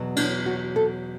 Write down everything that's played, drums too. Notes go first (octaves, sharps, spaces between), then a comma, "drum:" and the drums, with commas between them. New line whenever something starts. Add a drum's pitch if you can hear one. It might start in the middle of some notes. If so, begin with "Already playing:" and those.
Already playing: E2 B2 F#3 B3
D4, drum: cymbal
F#4
A4